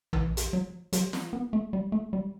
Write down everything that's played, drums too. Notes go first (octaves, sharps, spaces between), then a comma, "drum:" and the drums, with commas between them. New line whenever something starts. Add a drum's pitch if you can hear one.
E3, drum: tom A#1
drum: hi-hat
F#3
F#3, drum: hi-hat
drum: snare
B3
A3
G3
A3
G3